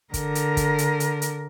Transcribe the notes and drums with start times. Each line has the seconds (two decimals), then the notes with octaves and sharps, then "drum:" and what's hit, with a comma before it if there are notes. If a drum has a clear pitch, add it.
0.14 D3 A#4, drum: kick, hi-hat
0.35 drum: hi-hat
0.57 drum: kick, hi-hat
0.78 drum: hi-hat
1.00 drum: hi-hat
1.22 drum: hi-hat